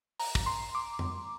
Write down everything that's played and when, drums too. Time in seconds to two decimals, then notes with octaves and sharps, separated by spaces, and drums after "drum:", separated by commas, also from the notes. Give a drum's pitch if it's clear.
0.20 A#5, drum: open hi-hat
0.35 drum: kick
0.46 C6
0.75 D6
0.99 drum: tom F2